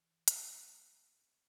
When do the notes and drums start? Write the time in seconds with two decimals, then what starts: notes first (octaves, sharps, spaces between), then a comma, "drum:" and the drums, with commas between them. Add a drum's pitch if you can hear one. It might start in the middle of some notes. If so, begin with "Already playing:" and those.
Already playing: E3
0.28 B3, drum: hi-hat
0.57 G3
0.63 F#3